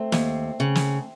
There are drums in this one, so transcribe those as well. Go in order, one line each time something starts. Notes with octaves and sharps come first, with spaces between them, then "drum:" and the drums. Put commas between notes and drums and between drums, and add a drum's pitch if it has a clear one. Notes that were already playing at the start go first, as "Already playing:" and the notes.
Already playing: A3 C4
D#2, drum: snare
C#3
drum: snare